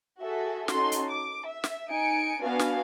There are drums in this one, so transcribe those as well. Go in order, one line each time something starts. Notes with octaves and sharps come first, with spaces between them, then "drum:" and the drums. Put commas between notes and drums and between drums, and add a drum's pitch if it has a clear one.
F#4 G#4 A4 E5
C#4 D#4 F#4 A4 C6, drum: snare
drum: hi-hat
D6
E5
drum: snare
D#4 G#5 C#7 D7
B3 D4 F#4 F5 G#5
drum: snare